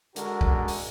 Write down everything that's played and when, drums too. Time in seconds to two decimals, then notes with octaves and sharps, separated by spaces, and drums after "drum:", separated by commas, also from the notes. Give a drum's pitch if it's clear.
0.16 D3 G#3 F#4 G#4 A#4, drum: hi-hat
0.41 drum: kick
0.68 drum: open hi-hat